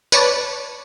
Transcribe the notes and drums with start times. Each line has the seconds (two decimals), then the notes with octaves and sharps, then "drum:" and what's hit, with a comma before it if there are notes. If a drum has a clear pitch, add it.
0.12 B4 C#5 D5 A5, drum: tambourine